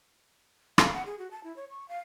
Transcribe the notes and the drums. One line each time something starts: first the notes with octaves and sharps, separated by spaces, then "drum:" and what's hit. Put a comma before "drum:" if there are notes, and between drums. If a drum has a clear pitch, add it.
F5, drum: rim click
F#5
G#4
F#4
A5
E4
C#5
C#6
F5